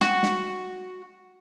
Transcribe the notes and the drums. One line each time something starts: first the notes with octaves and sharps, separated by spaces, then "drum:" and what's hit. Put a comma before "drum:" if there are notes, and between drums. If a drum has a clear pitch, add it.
F#4, drum: snare
drum: snare